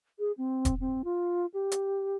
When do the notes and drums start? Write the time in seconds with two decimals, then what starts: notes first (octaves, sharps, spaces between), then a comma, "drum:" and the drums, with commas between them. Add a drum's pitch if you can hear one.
0.19 G#4
0.38 C4
0.65 drum: kick E1, hi-hat
0.80 C4
1.04 F4
1.54 G4
1.72 drum: hi-hat